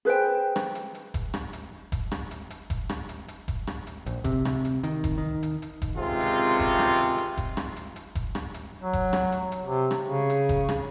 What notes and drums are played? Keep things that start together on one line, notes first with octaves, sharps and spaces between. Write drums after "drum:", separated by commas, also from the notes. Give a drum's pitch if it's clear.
G#4 B4 C5 G5
drum: rim click
drum: hi-hat
drum: hi-hat
drum: kick F1, hi-hat
drum: rim click
drum: hi-hat
drum: kick F1, hi-hat
drum: rim click
drum: hi-hat
drum: hi-hat
drum: kick F1, hi-hat
drum: rim click
drum: hi-hat
drum: hi-hat
drum: kick F1, hi-hat
drum: rim click
drum: hi-hat
A#1, drum: hi-hat
C3, drum: kick F1, hi-hat
drum: rim click
drum: hi-hat
D#3, drum: hi-hat
drum: kick F1, hi-hat
D#3
drum: hi-hat
drum: hi-hat
drum: kick F1, hi-hat
G#1 C#2 C3 G#3 C4 F4
drum: hi-hat
drum: kick F1, hi-hat
drum: rim click
drum: hi-hat
drum: hi-hat
drum: kick F1, hi-hat
drum: rim click
drum: hi-hat
drum: hi-hat
drum: kick F1, hi-hat
drum: rim click
drum: hi-hat
F#3
drum: kick F1, hi-hat
drum: rim click
drum: hi-hat
drum: hi-hat
C3
drum: rim click
C#3
drum: hi-hat
drum: kick F1, hi-hat
drum: rim click